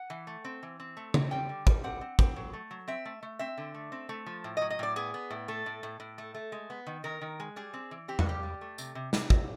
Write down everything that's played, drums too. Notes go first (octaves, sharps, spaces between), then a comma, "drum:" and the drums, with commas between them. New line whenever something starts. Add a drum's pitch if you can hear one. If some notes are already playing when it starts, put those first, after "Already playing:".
Already playing: F#5
E3
A3
C4
E3
C4
A3
C4, drum: tom C#3
G3 G5
D3
G3, drum: kick
C4 F#5
C4
C4, drum: kick
F#3
A3
F#3
C4 E5
A3
A3
C4 E5
D3
A3
C4
A3
F3
A2
D#5
F#3
D#5
A2 D5
B3 G#4
B3
A2
A3 A4
A2
A2
A2
A3
A3
G#3
B3
D#3
D#3 A#4
D#3
G#3
G3 G#4
C4
E3
C4 G4
F#4, drum: tom E2
G3 G4
G3
A3
C3, drum: tambourine
C3
C3, drum: snare
C3, drum: kick